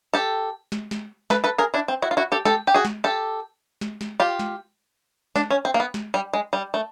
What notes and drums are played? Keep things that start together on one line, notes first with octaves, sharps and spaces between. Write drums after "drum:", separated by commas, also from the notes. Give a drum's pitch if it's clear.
G4 A4
drum: snare
drum: snare
A4 B4, drum: snare
A4 B4
G#4 A#4
D4 E4
C4
E4 F#4
F4
E4 F#4
G4 A4
G4 A4, drum: snare
G4
F#4 G#4
drum: snare
G4 A4
drum: snare
drum: snare
F4 G4
drum: snare
D4, drum: snare
C#4
C4
A#3
B3
drum: snare
G3
G#3
G3
A3